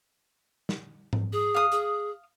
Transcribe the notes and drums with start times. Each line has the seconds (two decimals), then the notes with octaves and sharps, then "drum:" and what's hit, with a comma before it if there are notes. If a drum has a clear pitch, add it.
0.69 drum: snare
1.13 drum: tom G#2
1.33 G#4
1.54 F5 D#6
1.72 G#4, drum: hi-hat